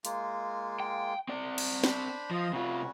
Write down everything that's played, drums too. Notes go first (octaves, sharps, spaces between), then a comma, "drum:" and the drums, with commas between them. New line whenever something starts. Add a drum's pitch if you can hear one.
G#3 A#3 F4, drum: hi-hat
G5
C4 D5
drum: cymbal
D4 C5 B5, drum: snare
F3 F4 D#5 D#6
C3 G3 C#4 F4 F#4